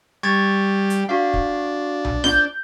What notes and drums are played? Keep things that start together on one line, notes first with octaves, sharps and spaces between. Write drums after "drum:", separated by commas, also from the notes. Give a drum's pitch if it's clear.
G3 C#6 G#6 A6
drum: hi-hat
D4 F#4 F5
drum: kick
drum: tom B1
G6, drum: snare F4